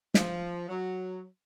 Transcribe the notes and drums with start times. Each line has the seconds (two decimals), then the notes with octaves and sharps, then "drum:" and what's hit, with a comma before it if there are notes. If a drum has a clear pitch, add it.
0.14 F3, drum: snare
0.68 F#3